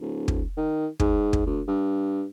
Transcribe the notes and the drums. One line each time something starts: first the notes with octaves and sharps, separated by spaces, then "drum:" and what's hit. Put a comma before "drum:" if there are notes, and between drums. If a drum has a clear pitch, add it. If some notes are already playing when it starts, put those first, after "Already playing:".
D1
drum: kick
D#3
G#2, drum: kick
drum: kick
D2
G2